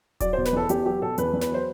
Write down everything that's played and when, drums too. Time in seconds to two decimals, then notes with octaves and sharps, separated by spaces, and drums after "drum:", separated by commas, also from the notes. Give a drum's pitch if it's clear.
0.20 F#3 D5, drum: kick D#1, hi-hat
0.33 C5
0.37 B2
0.45 B4, drum: snare
0.53 E2 A4
0.69 E2 G4, drum: hi-hat
0.86 F#3 G4
1.02 B2 A4
1.18 E2 B4, drum: hi-hat
1.33 E2
1.41 B4, drum: snare
1.50 F#3 C5